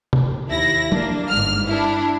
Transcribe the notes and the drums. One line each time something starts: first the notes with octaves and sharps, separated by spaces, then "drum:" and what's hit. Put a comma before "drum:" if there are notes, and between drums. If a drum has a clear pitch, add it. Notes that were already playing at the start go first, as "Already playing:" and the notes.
drum: tom
D#2 E4 A#6
A#3 D4, drum: tom
G1 G#2 F6
D4 E4